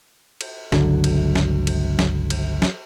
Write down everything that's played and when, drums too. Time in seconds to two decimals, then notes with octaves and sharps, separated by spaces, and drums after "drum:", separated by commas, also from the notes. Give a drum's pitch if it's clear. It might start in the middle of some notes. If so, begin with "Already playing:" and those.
0.41 drum: cymbal
0.72 G1 C#2 D3 F#3, drum: snare
1.04 drum: cymbal
1.35 drum: snare
1.67 drum: cymbal
1.99 drum: snare
2.30 drum: cymbal
2.62 drum: snare